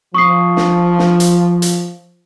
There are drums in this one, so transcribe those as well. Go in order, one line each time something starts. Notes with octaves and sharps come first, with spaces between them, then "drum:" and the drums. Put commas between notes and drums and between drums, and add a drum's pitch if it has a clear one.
F3 C#6 D#6 C7
drum: snare
drum: snare
drum: hi-hat
drum: hi-hat